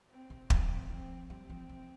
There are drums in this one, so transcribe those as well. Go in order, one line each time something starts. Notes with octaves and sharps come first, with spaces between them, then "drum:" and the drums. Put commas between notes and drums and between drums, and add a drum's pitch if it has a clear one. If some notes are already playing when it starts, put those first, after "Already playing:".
C4
C3
F3 C4, drum: kick
F3 C4
G3 C4
F3
C3